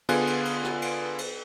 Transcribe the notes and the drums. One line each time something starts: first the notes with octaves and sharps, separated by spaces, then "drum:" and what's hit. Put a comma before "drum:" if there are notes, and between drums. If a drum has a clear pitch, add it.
D3 B3 F4 G#4 F#6, drum: cymbal
drum: cymbal
drum: cymbal
drum: rim click
drum: cymbal
drum: cymbal